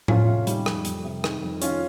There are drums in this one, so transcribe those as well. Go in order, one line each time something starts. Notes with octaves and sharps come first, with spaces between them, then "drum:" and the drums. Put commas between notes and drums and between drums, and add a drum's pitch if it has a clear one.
F2 C#4 F4, drum: tom A2
C3
D#3 G3, drum: hi-hat
F2, drum: rim click
F2, drum: hi-hat
C3
D#3, drum: rim click
F2
D#3 C#4 F4, drum: hi-hat